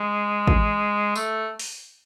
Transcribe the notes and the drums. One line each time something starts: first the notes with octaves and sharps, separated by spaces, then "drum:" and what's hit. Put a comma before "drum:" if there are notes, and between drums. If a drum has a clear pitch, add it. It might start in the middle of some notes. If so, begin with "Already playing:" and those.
Already playing: G#3
drum: kick A1
A3, drum: tambourine
drum: open hi-hat